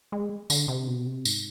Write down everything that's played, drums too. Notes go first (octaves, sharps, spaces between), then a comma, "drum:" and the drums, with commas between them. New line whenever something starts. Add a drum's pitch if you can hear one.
G#3
D3, drum: tambourine
C3
B2
C3
G#2, drum: tambourine